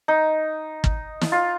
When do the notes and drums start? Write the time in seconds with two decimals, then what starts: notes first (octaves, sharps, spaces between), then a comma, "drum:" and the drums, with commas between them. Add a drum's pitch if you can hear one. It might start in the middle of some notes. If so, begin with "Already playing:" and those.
0.08 D#4
0.84 drum: kick
1.21 drum: snare
1.32 F4